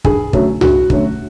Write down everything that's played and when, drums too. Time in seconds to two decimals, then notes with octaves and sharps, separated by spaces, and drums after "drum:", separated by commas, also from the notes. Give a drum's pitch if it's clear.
0.04 G2 G#4, drum: kick
0.33 D3 F#3 A3 C#4, drum: kick
0.61 G2 F#4, drum: tom
0.90 D3 F#3 A3 C#4, drum: kick